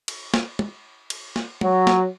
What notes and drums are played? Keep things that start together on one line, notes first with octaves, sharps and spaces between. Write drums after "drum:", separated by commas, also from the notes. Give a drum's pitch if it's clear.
drum: cymbal
drum: snare
drum: tom
drum: cymbal
drum: snare
F#3, drum: tom
drum: snare